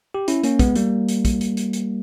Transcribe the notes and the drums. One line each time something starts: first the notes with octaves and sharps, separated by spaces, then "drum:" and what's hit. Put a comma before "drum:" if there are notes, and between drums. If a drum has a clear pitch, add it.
G4
C#4 E4, drum: hi-hat
A#3 C#4, drum: hi-hat
G#3 B3, drum: kick, hi-hat
G3 A#3, drum: hi-hat
drum: hi-hat
drum: kick, hi-hat
drum: hi-hat
drum: hi-hat
drum: hi-hat